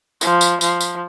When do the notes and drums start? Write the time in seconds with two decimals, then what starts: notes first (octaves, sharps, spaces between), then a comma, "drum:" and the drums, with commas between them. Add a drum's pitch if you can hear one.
0.21 F3, drum: tambourine
0.41 drum: tambourine
0.61 F3, drum: tambourine
0.81 drum: tambourine